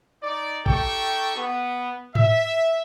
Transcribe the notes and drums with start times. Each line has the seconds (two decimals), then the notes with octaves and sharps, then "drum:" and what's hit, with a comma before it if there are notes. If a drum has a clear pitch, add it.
0.23 D#4 D5
0.66 D#4 G4 A4 G5 C#6, drum: kick G#1
1.37 B3
2.15 E5, drum: tom G#2